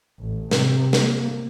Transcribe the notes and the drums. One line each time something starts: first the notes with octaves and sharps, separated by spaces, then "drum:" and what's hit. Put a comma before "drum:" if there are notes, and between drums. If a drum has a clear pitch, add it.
A1
C3, drum: snare
A#3, drum: snare